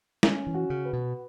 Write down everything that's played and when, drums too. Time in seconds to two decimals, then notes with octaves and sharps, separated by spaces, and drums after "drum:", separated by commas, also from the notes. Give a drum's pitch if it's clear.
0.23 C#4, drum: snare
0.47 E3
0.54 F#4
0.70 C#3
0.85 B4
0.93 B2